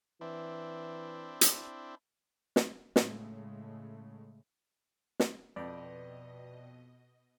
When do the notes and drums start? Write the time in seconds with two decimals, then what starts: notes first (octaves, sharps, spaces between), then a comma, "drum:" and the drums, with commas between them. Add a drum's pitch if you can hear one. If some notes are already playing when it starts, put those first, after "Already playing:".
0.21 E3 C4 D4 E4
1.41 drum: hi-hat
2.56 drum: snare
2.96 A2 C#3 G#3 A3, drum: snare
5.20 drum: snare
5.56 F2 B2 B4 D5 D#5 G5